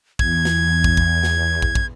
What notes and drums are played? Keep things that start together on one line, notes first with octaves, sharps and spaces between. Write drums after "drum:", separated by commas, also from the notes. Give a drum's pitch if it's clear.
E2 G#6, drum: kick
drum: snare
drum: kick
drum: kick
drum: snare
drum: kick
drum: kick